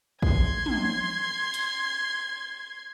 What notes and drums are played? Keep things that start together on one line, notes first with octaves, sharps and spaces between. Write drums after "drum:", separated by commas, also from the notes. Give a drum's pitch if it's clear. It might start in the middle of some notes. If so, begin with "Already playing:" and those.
C6 G#6, drum: kick
drum: tom
drum: hi-hat